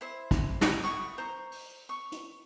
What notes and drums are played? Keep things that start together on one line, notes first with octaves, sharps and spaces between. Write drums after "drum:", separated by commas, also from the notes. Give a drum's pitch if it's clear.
E4 C5 E5
drum: kick, hi-hat
drum: snare
E4 F#5 C#6 D#6
C5 A#5 C#6
drum: open hi-hat
C#6
drum: hi-hat